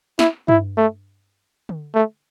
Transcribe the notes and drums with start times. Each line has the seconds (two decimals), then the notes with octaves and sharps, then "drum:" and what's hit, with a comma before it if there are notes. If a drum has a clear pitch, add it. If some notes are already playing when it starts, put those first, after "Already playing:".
0.19 E4, drum: snare
0.48 E4, drum: tom G2
0.78 A3
1.69 drum: tom D3
1.94 A3